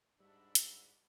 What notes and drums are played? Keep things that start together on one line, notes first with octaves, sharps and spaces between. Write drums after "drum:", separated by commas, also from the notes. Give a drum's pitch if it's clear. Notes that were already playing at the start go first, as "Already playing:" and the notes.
G#2 G3 D4 F#4 E5 B5
drum: hi-hat